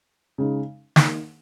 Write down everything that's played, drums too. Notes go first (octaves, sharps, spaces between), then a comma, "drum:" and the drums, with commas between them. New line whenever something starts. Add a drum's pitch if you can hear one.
C#3 G#3 D#4
D#3 A#3 D#4, drum: snare